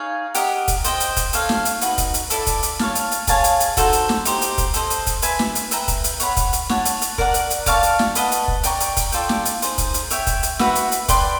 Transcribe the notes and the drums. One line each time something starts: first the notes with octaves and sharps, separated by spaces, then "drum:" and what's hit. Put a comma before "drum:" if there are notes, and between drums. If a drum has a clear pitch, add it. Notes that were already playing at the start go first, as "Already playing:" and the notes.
Already playing: D#4 G#4 C#5 F5
G4 A#4 D#5 F#5, drum: hi-hat
drum: kick, hi-hat
C5 D#5 G5, drum: hi-hat
drum: hi-hat
drum: kick, hi-hat
A4 C#5 F5, drum: hi-hat
drum: snare
drum: hi-hat
D#4 F#4 B4 D#5, drum: hi-hat
drum: kick, hi-hat
drum: hi-hat
E4 A4 D5, drum: hi-hat
drum: kick, hi-hat
drum: hi-hat
C#5 F5 A5, drum: snare
drum: hi-hat
drum: hi-hat
G#4 C#5 F5 A5, drum: kick, hi-hat
drum: hi-hat
drum: hi-hat
D#4 F#4 A4 C5, drum: kick, hi-hat
drum: hi-hat
drum: snare
D#4 G4 C5, drum: hi-hat
drum: hi-hat
drum: kick, hi-hat
A4 C5 D#5, drum: hi-hat
drum: hi-hat
drum: kick, hi-hat
B4 E5 G#5, drum: hi-hat
drum: snare
drum: hi-hat
B4 E5 G5 A#5, drum: hi-hat
drum: kick, hi-hat
drum: hi-hat
C#5 F#5 B5, drum: hi-hat
drum: kick, hi-hat
drum: hi-hat
C#5 F#5 A5, drum: snare
drum: hi-hat
drum: hi-hat
A#4 D5 F#5, drum: kick
drum: hi-hat
drum: hi-hat
D5 F5 A5 C#6, drum: kick, hi-hat
drum: hi-hat
drum: snare
B4 D#5 F#5 A5, drum: hi-hat
drum: hi-hat
drum: kick
D5 G5 A#5 C#6, drum: hi-hat
drum: hi-hat
drum: kick, hi-hat
F4 A4 D5 G5, drum: hi-hat
drum: snare
drum: hi-hat
D#4 G#4 C5, drum: hi-hat
drum: kick, hi-hat
drum: hi-hat
C#5 E5 G5, drum: hi-hat
drum: kick, hi-hat
drum: hi-hat
F#4 B4 E5, drum: snare
drum: hi-hat
drum: hi-hat
B4 D5 G5 C6, drum: kick, hi-hat